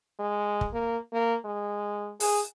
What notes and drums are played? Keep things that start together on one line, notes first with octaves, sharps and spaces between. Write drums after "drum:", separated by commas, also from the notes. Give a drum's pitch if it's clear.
G#3
drum: kick
A#3
A#3
G#3
G#4, drum: open hi-hat